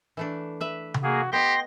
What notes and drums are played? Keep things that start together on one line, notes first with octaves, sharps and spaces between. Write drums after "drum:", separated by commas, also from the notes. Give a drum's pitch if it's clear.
E3 A3 D4
B4 E5
drum: tom C3
A#3 F#4 G#4
B3 G4 D#5 G5 C6 A#6